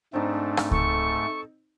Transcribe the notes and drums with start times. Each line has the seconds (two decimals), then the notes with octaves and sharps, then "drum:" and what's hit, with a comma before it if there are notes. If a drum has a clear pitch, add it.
0.13 G#2 A3 C4 D4 D#4
0.57 drum: rim click
0.71 A4 C#6, drum: kick C#2